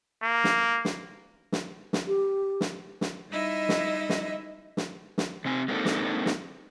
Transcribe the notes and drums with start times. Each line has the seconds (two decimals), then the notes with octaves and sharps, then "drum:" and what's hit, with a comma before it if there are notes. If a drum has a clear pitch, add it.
0.22 A#3
0.44 drum: snare
0.85 drum: snare
1.52 drum: snare
1.93 drum: snare
2.07 G4
2.61 drum: snare
3.01 drum: snare
3.29 G3 D#4 E4 D#5 E5
3.69 drum: snare
4.09 drum: snare
4.77 drum: snare
5.18 drum: snare
5.45 C3 C4 G#5
5.68 G#3 A#3 C4 D4 D#4 A4
5.85 drum: snare
6.26 drum: snare